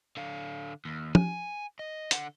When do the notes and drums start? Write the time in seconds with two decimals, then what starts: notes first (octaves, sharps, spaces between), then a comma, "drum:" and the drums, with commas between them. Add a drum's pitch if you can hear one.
0.17 D3 F5
0.85 D#2
1.15 G#5, drum: tom
1.79 D#5
2.11 D3 F#5, drum: hi-hat